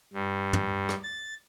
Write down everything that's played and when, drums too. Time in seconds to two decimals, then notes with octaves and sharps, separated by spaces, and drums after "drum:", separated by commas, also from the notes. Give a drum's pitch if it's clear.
0.13 G2
0.53 drum: tom
0.89 drum: rim click
1.03 A6